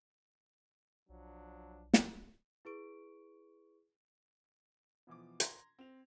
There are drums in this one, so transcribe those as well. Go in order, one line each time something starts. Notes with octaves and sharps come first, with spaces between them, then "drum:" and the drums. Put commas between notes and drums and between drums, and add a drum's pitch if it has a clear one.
B1 F3 F#3 D4
drum: snare
E4 G#4 B4 C#6 D7
B2 E3 F3 D6
A#5 C6 G#6 A#6, drum: hi-hat
C4 F7